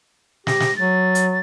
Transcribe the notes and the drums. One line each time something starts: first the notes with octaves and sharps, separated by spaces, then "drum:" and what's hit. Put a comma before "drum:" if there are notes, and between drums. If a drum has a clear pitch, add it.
G4 A#6, drum: snare
drum: snare
F#3 A6
drum: hi-hat